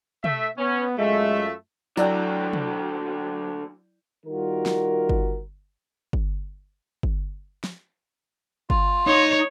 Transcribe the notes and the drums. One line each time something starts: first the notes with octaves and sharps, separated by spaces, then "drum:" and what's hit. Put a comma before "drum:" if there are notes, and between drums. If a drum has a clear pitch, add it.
A3 E5, drum: tom
B3 C#4
F#2 G#3 A3 F4 E5
D3 F#3 E4 F#4 D5 G5 E6, drum: tambourine
drum: tom
D#3 G3 F4 F#4 A#4
drum: snare
drum: kick G1
drum: kick G1
drum: kick G1
drum: snare
F4, drum: kick G1
D#4 C#5